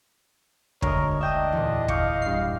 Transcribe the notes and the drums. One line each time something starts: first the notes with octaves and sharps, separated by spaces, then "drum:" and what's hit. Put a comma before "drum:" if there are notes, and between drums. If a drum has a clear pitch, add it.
D2 G#3 A#4 C#5 D#5, drum: kick
D4 D#5 E5 G5 D#6
E2 A#2
F5 C#6 D6 G6, drum: kick
G2 C7